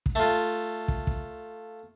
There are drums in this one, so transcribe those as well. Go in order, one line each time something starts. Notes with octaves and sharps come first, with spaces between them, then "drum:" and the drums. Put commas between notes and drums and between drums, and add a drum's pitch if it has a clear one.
drum: kick
A3 F4
drum: kick
drum: kick